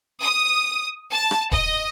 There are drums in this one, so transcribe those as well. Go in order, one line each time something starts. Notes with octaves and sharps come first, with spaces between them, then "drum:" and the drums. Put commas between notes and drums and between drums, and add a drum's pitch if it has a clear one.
D#6
A5
drum: rim click
D#5, drum: kick D#1